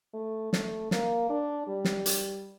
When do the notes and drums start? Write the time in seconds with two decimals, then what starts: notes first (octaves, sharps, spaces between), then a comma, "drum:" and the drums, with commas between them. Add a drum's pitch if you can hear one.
0.14 A3
0.53 A3, drum: snare
0.91 A#3, drum: snare
1.29 D4
1.67 G3
1.85 drum: snare
2.06 drum: hi-hat